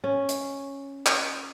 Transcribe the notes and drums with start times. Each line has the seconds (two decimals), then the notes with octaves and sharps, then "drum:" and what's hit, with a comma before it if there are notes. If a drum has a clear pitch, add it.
0.04 C#4
0.29 drum: hi-hat
1.06 drum: clap